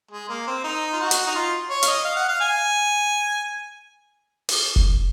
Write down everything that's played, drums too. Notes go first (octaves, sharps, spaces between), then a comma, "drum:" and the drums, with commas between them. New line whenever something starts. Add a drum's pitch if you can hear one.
G#3
A#3
C4
D#4
F4
F#4
drum: hi-hat
D#4
F4
C#5
F5, drum: hi-hat
D#5
F5
F#5
F5
G#5
drum: open hi-hat
drum: kick